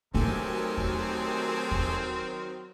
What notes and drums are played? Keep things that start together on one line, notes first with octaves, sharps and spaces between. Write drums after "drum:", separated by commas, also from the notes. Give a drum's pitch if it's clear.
D#3 F#3 A3 C4 G4 A4 A#4 G#5
drum: kick
drum: kick